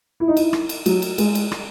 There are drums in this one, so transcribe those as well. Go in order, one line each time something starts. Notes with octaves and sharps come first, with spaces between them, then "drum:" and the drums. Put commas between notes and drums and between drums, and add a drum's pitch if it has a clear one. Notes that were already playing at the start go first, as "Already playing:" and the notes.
E4
D#4
E4, drum: cymbal
drum: rim click
drum: cymbal
F#3, drum: cymbal
drum: cymbal
G#3, drum: cymbal
drum: cymbal
drum: rim click